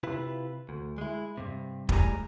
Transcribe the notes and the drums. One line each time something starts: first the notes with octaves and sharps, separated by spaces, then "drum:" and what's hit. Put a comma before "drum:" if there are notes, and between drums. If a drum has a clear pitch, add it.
C3 E4 F4 B4
D2
G#3 E4
G2 C3
A2 G3 G#3 A#4 G#5 A#5, drum: kick